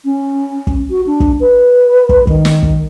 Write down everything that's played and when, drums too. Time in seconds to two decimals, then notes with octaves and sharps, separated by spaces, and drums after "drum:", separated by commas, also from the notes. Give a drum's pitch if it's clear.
0.05 C#4
0.67 drum: kick
0.90 F#4
1.06 D4
1.20 drum: kick
1.40 B4
2.09 drum: kick
2.27 D#3, drum: kick
2.45 drum: snare
2.63 drum: kick